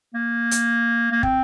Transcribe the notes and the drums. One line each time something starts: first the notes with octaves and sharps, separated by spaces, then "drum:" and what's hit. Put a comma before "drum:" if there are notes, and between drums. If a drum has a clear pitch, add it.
A#3
drum: hi-hat
A#3
C4, drum: kick